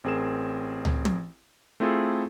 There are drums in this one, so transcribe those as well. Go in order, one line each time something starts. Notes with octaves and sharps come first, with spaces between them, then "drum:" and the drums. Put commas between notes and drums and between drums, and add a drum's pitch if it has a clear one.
A1 C4 G#4 A#4 E7
drum: tom
drum: tom
A3 C4 E4 F4 G#4 A4